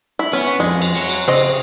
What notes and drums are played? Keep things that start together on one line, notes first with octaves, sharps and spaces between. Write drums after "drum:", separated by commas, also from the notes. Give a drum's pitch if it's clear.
E4
B3 C#4
F2 G#3
drum: cymbal
F#4 C#5
drum: cymbal
C#3 C4 D#5
drum: cymbal